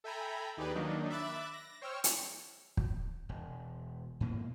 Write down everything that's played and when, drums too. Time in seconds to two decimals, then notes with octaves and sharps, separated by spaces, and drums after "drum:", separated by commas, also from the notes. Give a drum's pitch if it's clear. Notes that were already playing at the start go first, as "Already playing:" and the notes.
0.04 A4 E5 G5 G#5 A#5 B5
0.57 D#2 D#4 G4 G#4 B4 D5
0.75 D#3 F#3 A#3 D4 D#4
1.10 E5 B5 D6 E6 F#6 A6
1.53 A#6
1.82 C5 C#5 G5 C#6 E6 F6
2.04 drum: hi-hat
2.77 drum: kick
3.29 E1
4.20 G#2 B2 A#3